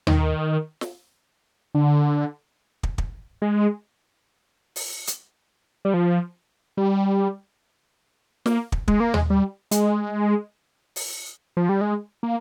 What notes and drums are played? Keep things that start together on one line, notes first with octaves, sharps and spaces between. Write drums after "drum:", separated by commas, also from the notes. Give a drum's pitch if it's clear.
D#3, drum: tom D#2
drum: snare
D3
drum: kick
drum: kick
G#3
drum: open hi-hat
drum: hi-hat
G3
F3
G3
A#3, drum: snare
drum: kick
G#3, drum: kick
A#3
G#3, drum: tom D#2
G3
G#3, drum: hi-hat
drum: open hi-hat
F3
G3
G#3
A#3